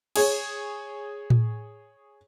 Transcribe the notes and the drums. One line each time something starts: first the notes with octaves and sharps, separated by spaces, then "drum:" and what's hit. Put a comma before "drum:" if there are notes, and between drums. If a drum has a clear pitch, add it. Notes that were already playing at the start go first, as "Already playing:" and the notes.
G#4 C#5, drum: cymbal
drum: tom A2